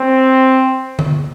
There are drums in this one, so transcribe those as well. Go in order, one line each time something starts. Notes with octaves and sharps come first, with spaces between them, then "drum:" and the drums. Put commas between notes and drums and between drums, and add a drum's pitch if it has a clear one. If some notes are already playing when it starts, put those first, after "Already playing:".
Already playing: C4
drum: tom D3